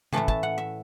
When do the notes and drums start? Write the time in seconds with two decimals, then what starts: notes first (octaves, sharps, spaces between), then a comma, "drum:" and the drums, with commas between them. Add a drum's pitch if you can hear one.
0.13 A2 E3 A3 E4 A5, drum: tom C#3
0.28 A5, drum: kick
0.43 F#5
0.58 E5